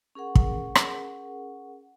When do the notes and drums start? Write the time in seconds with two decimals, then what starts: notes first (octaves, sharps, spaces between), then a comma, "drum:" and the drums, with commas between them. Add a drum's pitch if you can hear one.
0.15 C#4 G#4 A#4 F#5
0.35 drum: kick
0.75 drum: rim click